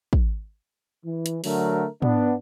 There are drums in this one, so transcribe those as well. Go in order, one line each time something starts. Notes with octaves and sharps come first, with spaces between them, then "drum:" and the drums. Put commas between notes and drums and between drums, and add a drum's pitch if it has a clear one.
drum: kick
E3
drum: hi-hat
D3 F#3 A3 A#4, drum: open hi-hat
B3 D4, drum: tom